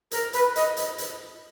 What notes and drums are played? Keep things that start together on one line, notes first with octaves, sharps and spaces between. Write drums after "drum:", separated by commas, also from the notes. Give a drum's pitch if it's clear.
A#4, drum: hi-hat
B4, drum: hi-hat
D#5, drum: hi-hat
drum: hi-hat
drum: hi-hat